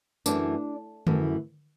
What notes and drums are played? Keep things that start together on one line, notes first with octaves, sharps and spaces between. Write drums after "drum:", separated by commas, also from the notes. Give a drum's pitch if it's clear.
F#2 E3 A3 D4, drum: tambourine
F#2 E3 A3, drum: tom D3